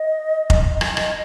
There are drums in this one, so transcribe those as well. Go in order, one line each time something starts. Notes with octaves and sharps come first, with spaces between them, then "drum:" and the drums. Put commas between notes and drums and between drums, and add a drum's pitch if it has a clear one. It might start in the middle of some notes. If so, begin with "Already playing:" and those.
Already playing: D#5
drum: kick
D#5, drum: rim click
drum: rim click